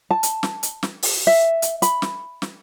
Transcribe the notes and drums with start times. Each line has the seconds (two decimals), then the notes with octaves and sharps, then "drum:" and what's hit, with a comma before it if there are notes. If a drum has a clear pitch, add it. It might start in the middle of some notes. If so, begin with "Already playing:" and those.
0.11 A5
0.23 drum: hi-hat
0.43 drum: snare
0.63 drum: hi-hat
0.83 drum: snare
1.03 drum: open hi-hat
1.27 E5
1.62 drum: hi-hat
1.82 B5, drum: hi-hat
2.02 drum: snare
2.42 drum: snare